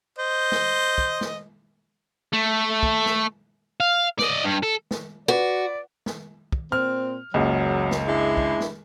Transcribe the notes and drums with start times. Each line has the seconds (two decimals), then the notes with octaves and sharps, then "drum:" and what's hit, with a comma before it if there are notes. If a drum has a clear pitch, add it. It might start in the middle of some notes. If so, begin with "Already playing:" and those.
0.19 C5 D#5
0.52 drum: snare
0.98 drum: kick
1.21 drum: snare
2.33 A3
2.83 drum: kick
3.06 drum: snare
3.80 F5
4.19 D5 D#5, drum: snare
4.44 G2
4.63 A4
4.91 drum: snare
5.28 F#4 B4 D5
6.06 drum: snare
6.52 drum: kick
6.72 A#2 C4 F6
7.34 F#1 C#2 F#3
7.91 drum: snare
8.07 G#3 D4 E4
8.37 drum: kick
8.60 drum: snare